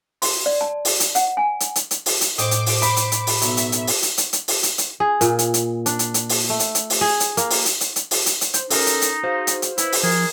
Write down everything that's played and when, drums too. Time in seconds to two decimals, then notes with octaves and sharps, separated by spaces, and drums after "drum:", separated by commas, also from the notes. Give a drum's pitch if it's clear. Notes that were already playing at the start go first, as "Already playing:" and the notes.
0.22 C6, drum: open hi-hat
0.46 D5
0.61 A5
0.85 drum: open hi-hat
1.00 drum: hi-hat
1.15 F#5, drum: hi-hat
1.37 G#5
1.60 drum: hi-hat
1.76 drum: hi-hat
1.91 drum: hi-hat
2.06 drum: open hi-hat
2.21 drum: hi-hat
2.38 A2 G#4 C5 D#5 G5 D6, drum: hi-hat
2.51 drum: hi-hat
2.66 drum: open hi-hat
2.82 B5, drum: hi-hat
2.97 drum: hi-hat
3.12 drum: hi-hat
3.27 drum: open hi-hat
3.42 B1 F#3 E5, drum: hi-hat
3.57 drum: hi-hat
3.72 drum: hi-hat
3.87 drum: open hi-hat
4.02 drum: hi-hat
4.18 drum: hi-hat
4.33 drum: hi-hat
4.48 drum: open hi-hat
4.63 drum: hi-hat
4.78 drum: hi-hat
5.00 G#4
5.21 A#2, drum: hi-hat
5.39 drum: hi-hat
5.54 drum: hi-hat
5.86 D4, drum: hi-hat
5.99 drum: hi-hat
6.14 drum: hi-hat
6.29 drum: open hi-hat
6.50 A3
6.60 drum: hi-hat
6.75 drum: hi-hat
6.90 drum: open hi-hat
7.01 G#4
7.20 drum: hi-hat
7.37 A#3, drum: hi-hat
7.50 drum: open hi-hat
7.65 drum: hi-hat
7.81 drum: hi-hat
7.96 drum: hi-hat
8.11 drum: open hi-hat
8.26 drum: hi-hat
8.41 drum: hi-hat
8.54 C5, drum: hi-hat
8.70 C#4 D#4 A4 A#4, drum: open hi-hat
8.87 drum: hi-hat
9.02 drum: hi-hat
9.23 F#4 G#4 C5 F5
9.47 drum: hi-hat
9.62 drum: hi-hat
9.78 E4 B4, drum: hi-hat
9.92 drum: open hi-hat
10.03 F3 G#4 A#4